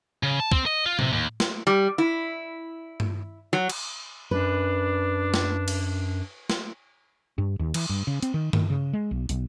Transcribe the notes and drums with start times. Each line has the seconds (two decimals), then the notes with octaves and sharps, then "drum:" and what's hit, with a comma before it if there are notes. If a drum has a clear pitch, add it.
0.23 C#3
0.40 A5
0.52 C4, drum: kick
0.66 D#5
0.86 F4
0.99 C3, drum: tom A2
1.13 D#2
1.40 drum: snare
1.67 G3
1.98 E4
3.00 drum: tom G2
3.53 F#3
3.70 drum: cymbal
4.31 F#2 D4 B4
5.34 drum: snare
5.68 drum: cymbal
6.50 drum: snare
7.38 G2
7.59 D#2
7.74 E3, drum: cymbal
7.90 G2
8.07 C#3
8.23 C4, drum: hi-hat
8.34 D#3
8.53 D#3, drum: tom G2
8.70 C#3
8.93 G#3
9.11 B1
9.29 B1, drum: hi-hat